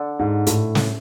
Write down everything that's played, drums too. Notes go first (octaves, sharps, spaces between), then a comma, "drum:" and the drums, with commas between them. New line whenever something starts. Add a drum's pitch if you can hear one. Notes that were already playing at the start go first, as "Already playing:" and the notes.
Already playing: D3
G#2
A2, drum: hi-hat
drum: snare